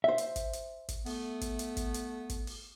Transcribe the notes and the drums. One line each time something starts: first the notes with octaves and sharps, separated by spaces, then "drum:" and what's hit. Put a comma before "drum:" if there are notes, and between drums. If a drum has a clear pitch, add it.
C5 E5
drum: hi-hat
drum: kick, hi-hat
drum: hi-hat
drum: kick, hi-hat
A3 B3, drum: open hi-hat
drum: kick, hi-hat
drum: hi-hat
drum: kick, hi-hat
drum: hi-hat
drum: kick, hi-hat
drum: open hi-hat